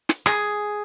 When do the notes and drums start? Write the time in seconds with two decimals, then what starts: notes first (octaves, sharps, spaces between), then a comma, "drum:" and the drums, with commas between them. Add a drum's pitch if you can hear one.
0.09 drum: snare
0.26 G#4, drum: rim click